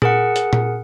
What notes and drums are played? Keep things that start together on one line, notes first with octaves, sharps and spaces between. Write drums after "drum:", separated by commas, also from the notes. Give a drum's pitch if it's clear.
G#4 A#4 F#5, drum: tom A#2
drum: hi-hat
drum: tom A#2